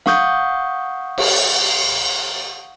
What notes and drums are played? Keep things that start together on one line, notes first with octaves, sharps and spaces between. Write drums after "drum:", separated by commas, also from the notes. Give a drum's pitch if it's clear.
F5 F#5 C#6 D#6 G6, drum: snare
drum: cymbal